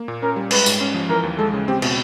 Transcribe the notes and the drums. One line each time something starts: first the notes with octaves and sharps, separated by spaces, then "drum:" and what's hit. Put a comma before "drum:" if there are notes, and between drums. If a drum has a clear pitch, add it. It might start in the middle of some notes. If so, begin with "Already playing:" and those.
Already playing: A#3
A#2
C#4 A#4
G3
G#3 B4, drum: cymbal
G#2, drum: tambourine
C#4
F3
E3 A#4
D#2
G#3 A4
C#3
C4 G4
B2, drum: cymbal